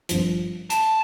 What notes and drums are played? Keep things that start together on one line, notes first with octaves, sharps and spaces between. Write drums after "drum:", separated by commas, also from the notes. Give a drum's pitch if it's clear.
G#1 G2 F3, drum: hi-hat
A5, drum: hi-hat